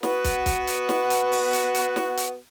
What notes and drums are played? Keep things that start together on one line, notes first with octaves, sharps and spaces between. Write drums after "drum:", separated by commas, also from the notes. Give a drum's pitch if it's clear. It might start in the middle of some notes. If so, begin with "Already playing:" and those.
B3 F#4 B4, drum: snare
drum: kick, hi-hat
drum: kick, hi-hat
drum: hi-hat
drum: snare
drum: hi-hat
drum: open hi-hat
drum: hi-hat
drum: hi-hat
drum: snare
drum: hi-hat